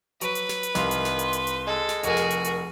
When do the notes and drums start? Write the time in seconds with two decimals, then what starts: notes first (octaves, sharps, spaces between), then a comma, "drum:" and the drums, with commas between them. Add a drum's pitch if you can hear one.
0.21 F#3 B4 C#6 D7, drum: hi-hat
0.35 drum: hi-hat
0.49 drum: snare
0.63 drum: hi-hat
0.75 C2 D#3 F5 C6 F7, drum: snare
0.91 drum: hi-hat
1.05 drum: snare
1.19 drum: hi-hat
1.33 drum: hi-hat
1.47 drum: hi-hat
1.67 G#3 A4
1.89 drum: snare
2.03 F1 F#4 G#4 A#4, drum: hi-hat
2.17 drum: snare
2.31 drum: hi-hat
2.44 drum: hi-hat